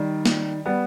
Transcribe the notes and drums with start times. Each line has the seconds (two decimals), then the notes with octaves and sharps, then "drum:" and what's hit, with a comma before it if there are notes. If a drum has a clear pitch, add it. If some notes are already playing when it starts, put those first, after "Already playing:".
Already playing: D#3 G3
0.26 drum: snare
0.66 G3 B3